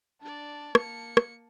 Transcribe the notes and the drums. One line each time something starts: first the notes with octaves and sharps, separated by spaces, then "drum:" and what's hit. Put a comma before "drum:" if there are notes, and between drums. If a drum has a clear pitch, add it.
D4 D5 A5
A#3 C#7, drum: rim click
drum: rim click